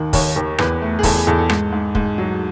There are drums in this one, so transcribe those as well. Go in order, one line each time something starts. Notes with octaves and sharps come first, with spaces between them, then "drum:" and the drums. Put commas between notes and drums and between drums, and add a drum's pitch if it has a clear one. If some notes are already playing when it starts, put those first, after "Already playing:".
Already playing: D#2 D#3
D#2 C#5, drum: kick, open hi-hat
D#2
E2 B4, drum: rim click
A3
G#4
E2 A4, drum: kick, open hi-hat
G#4
E2 A4
A4
G#2, drum: rim click
G#2
G#2, drum: kick
F#3